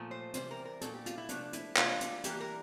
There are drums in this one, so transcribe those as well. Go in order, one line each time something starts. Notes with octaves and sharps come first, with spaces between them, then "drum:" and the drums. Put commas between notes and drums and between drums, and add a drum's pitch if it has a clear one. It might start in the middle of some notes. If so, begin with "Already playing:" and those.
Already playing: A#2 F3 A3
C5
C3 E3 G3 C5, drum: hi-hat
A#4
A#4
A#2 A3 D4 A4, drum: hi-hat
G4
F4, drum: hi-hat
E4
C3 F3 A3 D4, drum: hi-hat
E4, drum: hi-hat
C3 E3 A#3 D4 F4, drum: clap
drum: hi-hat
E3 G3 A#3 D4 G4, drum: hi-hat
A#4